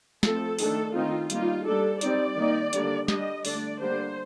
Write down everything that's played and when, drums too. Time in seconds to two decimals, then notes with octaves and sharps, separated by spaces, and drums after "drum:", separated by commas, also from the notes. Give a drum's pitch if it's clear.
0.23 F3 A3 C4 A4, drum: snare
0.59 D#3 A3 D4 A4, drum: open hi-hat
0.95 D#3 A3 C4 D#4 F4
1.30 G3 A#3 D#4 F4, drum: hi-hat
1.66 G3 A#3 D4 A4
2.01 G3 C4 D#4 D5, drum: hi-hat
2.37 D#3 A#3 D#4
2.73 D3 G3 A#3 D4, drum: hi-hat
3.08 G3 D4 D#5, drum: snare
3.45 D3 A3 D4 D5, drum: open hi-hat
3.80 D3 G3 A#3 D4 C5